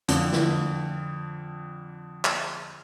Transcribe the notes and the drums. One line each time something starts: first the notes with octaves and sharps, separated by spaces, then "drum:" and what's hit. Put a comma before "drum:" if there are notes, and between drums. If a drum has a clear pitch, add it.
F2 D3, drum: hi-hat
drum: snare
drum: clap